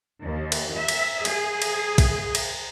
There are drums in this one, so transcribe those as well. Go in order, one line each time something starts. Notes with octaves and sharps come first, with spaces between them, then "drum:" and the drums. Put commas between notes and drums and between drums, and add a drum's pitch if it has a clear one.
D#2
drum: cymbal
E5
drum: cymbal
G#4, drum: cymbal
drum: cymbal
drum: kick, cymbal
drum: cymbal